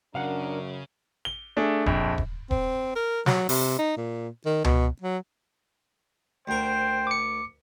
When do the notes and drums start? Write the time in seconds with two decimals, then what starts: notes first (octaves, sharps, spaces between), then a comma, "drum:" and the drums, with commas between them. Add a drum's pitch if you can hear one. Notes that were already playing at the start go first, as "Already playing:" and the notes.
0.15 F#2 C#3 D4 A#4 F5 F#5
1.25 G7
1.57 A3 D4 G#4
1.86 A#1 F2, drum: kick D#1
2.18 drum: kick D#1
2.51 C4, drum: kick D#1
2.96 A#4
3.26 F#3, drum: snare
3.49 C3, drum: open hi-hat
3.79 D#4
3.97 A#2
4.45 D#3
4.64 B2, drum: tom C#2
5.01 F#3
6.48 D2 A#4 C5 G5
7.07 D6 C#7